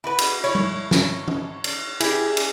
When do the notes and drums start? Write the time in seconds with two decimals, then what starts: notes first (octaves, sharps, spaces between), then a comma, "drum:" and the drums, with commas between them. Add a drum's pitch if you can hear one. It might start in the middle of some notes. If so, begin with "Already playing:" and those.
0.04 E4 F#4 B4
0.18 drum: cymbal
0.44 E4 C#5
0.55 drum: tom G3
0.91 drum: snare
1.28 drum: tom E3
1.64 drum: cymbal
2.00 E4 G4 G#4, drum: cymbal
2.37 drum: cymbal